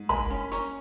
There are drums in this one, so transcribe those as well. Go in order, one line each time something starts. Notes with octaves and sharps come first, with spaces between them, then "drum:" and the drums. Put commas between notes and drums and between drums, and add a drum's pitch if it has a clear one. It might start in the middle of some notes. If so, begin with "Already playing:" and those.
Already playing: G#2
A#3 G#5 B5, drum: tom
C#4
C#4 A#5 C#6, drum: hi-hat